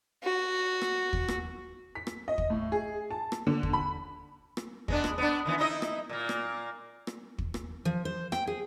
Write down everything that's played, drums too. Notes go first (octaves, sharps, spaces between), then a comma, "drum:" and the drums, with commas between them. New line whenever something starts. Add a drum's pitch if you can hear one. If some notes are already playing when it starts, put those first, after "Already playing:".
F#4
drum: rim click
drum: kick
drum: rim click
B6
drum: rim click
D#5
drum: kick
A2
G#4
A5
drum: rim click
D3
drum: kick
B5
drum: rim click
G#3 B3 D4, drum: kick
drum: rim click
B3 D4
D#3 E3 B3
D#4 E4 D#5
drum: rim click
A#2 A#3
drum: rim click
drum: rim click
drum: kick
drum: rim click
F3
C5
G5, drum: rim click
G#4